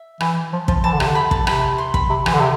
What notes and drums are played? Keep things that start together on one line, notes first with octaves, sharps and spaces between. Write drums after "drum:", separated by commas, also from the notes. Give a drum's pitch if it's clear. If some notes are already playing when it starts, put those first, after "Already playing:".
Already playing: E5
E3, drum: rim click
F3
F3, drum: kick
E3 A5
D3
C3, drum: rim click
D3
B5
A5, drum: kick
C3 B5, drum: rim click
C6
B5, drum: kick
C3
E3, drum: rim click
D3
C3